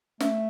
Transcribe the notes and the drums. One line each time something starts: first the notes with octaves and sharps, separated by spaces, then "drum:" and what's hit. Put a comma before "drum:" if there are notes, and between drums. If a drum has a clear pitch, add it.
A3, drum: snare